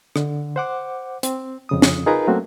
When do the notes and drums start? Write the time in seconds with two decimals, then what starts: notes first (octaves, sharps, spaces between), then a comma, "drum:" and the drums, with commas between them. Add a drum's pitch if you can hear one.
0.16 D3, drum: rim click
0.56 C5 F#5 D6
1.23 C4, drum: hi-hat
1.69 F2 C#3 D#6
1.82 drum: snare
2.06 D#4 F4 G#4 A#4 B4 A#5
2.27 F#3 A3 A#3 C4 C#4 F#4